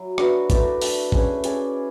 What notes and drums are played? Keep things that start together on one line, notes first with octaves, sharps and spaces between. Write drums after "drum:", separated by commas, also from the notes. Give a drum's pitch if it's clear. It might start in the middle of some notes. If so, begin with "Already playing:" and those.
Already playing: F#3 E4
D4 F#4 B4 E5, drum: rim click
A3 E4 B4 D5, drum: kick, hi-hat
A3 D4 A4 E5, drum: open hi-hat
A3 C#4 G#4 B4, drum: kick
C#4 G#4 D5, drum: hi-hat